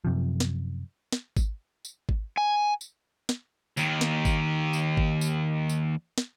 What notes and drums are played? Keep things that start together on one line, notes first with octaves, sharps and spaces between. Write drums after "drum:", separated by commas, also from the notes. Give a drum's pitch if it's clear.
F#2 C3 F3
drum: snare
drum: snare
drum: kick G#1, tambourine
drum: tambourine
drum: kick G#1
G#5
drum: tambourine
drum: snare
D#2 D#3, drum: tambourine
drum: snare
drum: kick G#1, tambourine
drum: tambourine
drum: kick G#1
drum: tambourine
drum: tambourine
drum: snare